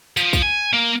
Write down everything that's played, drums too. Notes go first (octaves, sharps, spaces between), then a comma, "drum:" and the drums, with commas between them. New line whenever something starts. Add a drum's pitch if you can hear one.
F3, drum: tambourine
drum: kick, tambourine
G#5
A#3